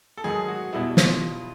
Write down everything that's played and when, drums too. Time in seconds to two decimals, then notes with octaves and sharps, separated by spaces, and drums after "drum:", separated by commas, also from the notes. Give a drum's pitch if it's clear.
0.17 A4
0.24 G#2 D#3 F#3 G#4
0.48 F#4
0.72 B2 G3 B3 E4
0.97 F4, drum: snare